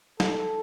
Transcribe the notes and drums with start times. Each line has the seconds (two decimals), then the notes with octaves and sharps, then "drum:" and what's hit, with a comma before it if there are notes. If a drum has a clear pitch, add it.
0.20 A4, drum: snare